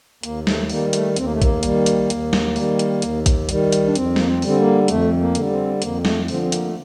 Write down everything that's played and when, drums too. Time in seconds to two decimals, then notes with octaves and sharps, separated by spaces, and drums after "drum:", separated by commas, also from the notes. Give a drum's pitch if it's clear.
0.23 D#2 A#3, drum: hi-hat
0.47 A3, drum: snare
0.70 D#3 G3 A#3, drum: open hi-hat
0.93 A3, drum: hi-hat
1.16 D#2 C4, drum: hi-hat
1.24 A#3
1.33 A3
1.42 A#3, drum: kick A#1, hi-hat
1.63 D#3 G3, drum: hi-hat
1.86 drum: hi-hat
2.10 D#2, drum: hi-hat
2.33 drum: snare
2.56 D#3 G3, drum: open hi-hat
2.79 drum: hi-hat
3.02 D#2, drum: hi-hat
3.26 drum: kick A#1, hi-hat
3.49 D#3 G3, drum: hi-hat
3.72 drum: hi-hat
3.86 D4
3.95 F2 C4, drum: hi-hat
4.16 A#3, drum: snare
4.27 C4
4.42 D3 G3 C4, drum: open hi-hat
4.58 A#3
4.88 F2 A3, drum: hi-hat
5.20 A#3
5.35 D3 G3, drum: hi-hat
5.50 C4
5.82 F2 A#3, drum: hi-hat
6.05 A3, drum: snare
6.28 D3 F3 C4, drum: open hi-hat
6.42 C4
6.52 A#3, drum: hi-hat
6.64 A3